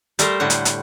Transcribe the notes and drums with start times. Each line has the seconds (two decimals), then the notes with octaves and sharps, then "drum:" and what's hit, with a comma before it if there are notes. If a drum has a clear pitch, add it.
0.19 G3 A3 A#4 C5, drum: hi-hat
0.40 A2 D3 G3 F#5
0.50 drum: hi-hat
0.65 drum: hi-hat